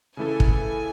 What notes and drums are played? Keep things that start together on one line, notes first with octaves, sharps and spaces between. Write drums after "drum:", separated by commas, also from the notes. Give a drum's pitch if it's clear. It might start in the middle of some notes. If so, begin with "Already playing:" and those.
C#3 E3 A3 E4 A4 G#5
drum: kick